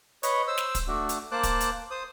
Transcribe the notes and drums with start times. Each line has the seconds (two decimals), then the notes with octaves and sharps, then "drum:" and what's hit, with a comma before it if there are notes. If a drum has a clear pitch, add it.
0.23 B4 C#5 D#5, drum: hi-hat
0.48 C5 E6
0.58 drum: snare
0.75 drum: kick, hi-hat
0.88 A3 D4 F#4
1.09 drum: hi-hat
1.32 A#3 C5 A5 D6 F#6
1.43 drum: kick, hi-hat
1.61 drum: hi-hat
1.91 C5 D#6